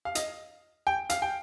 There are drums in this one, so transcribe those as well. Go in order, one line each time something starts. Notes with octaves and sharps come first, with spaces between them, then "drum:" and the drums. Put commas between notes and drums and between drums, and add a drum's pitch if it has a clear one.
F5
D#5, drum: hi-hat
G5
F5, drum: hi-hat
G5